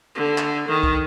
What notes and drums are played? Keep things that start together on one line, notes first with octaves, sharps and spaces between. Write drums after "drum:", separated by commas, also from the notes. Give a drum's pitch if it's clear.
D3
drum: clap
D#3
drum: kick